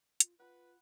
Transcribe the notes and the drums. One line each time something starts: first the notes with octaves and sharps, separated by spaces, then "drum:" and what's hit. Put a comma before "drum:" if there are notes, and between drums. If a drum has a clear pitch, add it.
F4, drum: hi-hat
F4 B4 F#5 B5